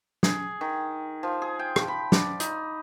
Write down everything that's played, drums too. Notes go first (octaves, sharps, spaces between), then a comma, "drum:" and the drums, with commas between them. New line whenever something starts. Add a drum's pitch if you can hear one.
G#4, drum: snare
D#3
F3
G#4
G5
drum: rim click
B5
D5, drum: snare
D#4, drum: hi-hat